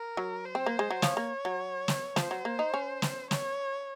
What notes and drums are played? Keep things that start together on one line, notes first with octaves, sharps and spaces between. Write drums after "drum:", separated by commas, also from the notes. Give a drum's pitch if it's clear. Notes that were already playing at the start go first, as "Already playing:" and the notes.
Already playing: A#4
F#3
C5
C4
A#3
G#3
F#3
F3 C#5, drum: snare
A#3
F#3
drum: snare
F3 C5, drum: snare
F#3
A#3
D#4
C#4
drum: snare
C#5, drum: snare